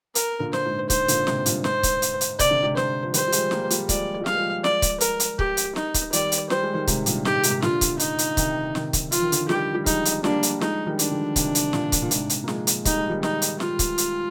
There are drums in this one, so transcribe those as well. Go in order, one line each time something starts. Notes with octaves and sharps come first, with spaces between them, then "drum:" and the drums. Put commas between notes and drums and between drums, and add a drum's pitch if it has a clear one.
A#4, drum: hi-hat
A#2 D3
C5, drum: snare
G#2
G#2 C5, drum: kick C#1, hi-hat
A#2 D3, drum: hi-hat
G#2 C3, drum: snare
G2 A#2, drum: hi-hat
G#2 C5, drum: snare
drum: kick C#1, hi-hat
drum: hi-hat
drum: hi-hat
C3 D5, drum: kick C#1, hi-hat
D3
G#2 C3
C5, drum: snare
F3
D#3 G3 C5, drum: hi-hat
G3
F3 G#3, drum: hi-hat
G3 A#3, drum: snare
G3 A#3, drum: hi-hat
F3 G#3 D5, drum: kick C#1, hi-hat
G#3
G3
F3 G#3 F5, drum: snare
F3 G#3
D5, drum: snare
drum: kick C#1, hi-hat
A#4, drum: hi-hat
drum: hi-hat
G4, drum: kick C#1
drum: hi-hat
D#4, drum: snare
drum: kick C#1, hi-hat
D#3 G3 D5, drum: hi-hat
drum: hi-hat
G3 C5, drum: snare
G#3
D#3 G3
G#2 C3, drum: kick C#1, hi-hat
G2 A#2, drum: hi-hat
G#2 G4, drum: snare
G#2 C3, drum: hi-hat
A#2 D3 F4, drum: snare
drum: kick C#1, hi-hat
D#4, drum: hi-hat
drum: hi-hat
C3 D#3, drum: kick C#1, hi-hat
C3 D#3, drum: snare
drum: kick C#1, hi-hat
F3 F4, drum: hi-hat
D#3
D3 F3, drum: hi-hat
D#3 G3 G4, drum: snare
G3
F3 G#3 D#4, drum: kick C#1, hi-hat
drum: hi-hat
G3 A#3 D4, drum: snare
drum: hi-hat
F3 G#3 D#4, drum: snare
D#3 G3
D#3 D4, drum: hi-hat
D3 F3
C3 D#3, drum: kick C#1, hi-hat
drum: hi-hat
A#2 D3, drum: snare
drum: kick C#1, hi-hat
A#2
G#2 C3, drum: hi-hat
drum: hi-hat
A#3
F3 G#3, drum: snare
drum: hi-hat
G3 D#4, drum: kick C#1, hi-hat
G#3
D#3 G3
D#4, drum: snare
drum: hi-hat
F4, drum: snare
drum: kick C#1, hi-hat
drum: hi-hat